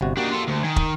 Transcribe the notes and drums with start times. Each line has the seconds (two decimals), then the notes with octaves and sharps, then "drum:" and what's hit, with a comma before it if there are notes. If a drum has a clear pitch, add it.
0.01 G1 C3 F#4
0.17 A#3 D4 D#4 F#4 G4
0.31 F4 A4
0.47 D2
0.63 D#3 G#5
0.76 drum: kick